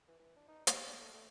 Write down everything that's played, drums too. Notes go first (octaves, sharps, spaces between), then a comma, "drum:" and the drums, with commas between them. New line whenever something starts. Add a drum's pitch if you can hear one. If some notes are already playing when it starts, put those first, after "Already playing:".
E3
E3
D4
D#4
G3, drum: hi-hat
D4
A3
A3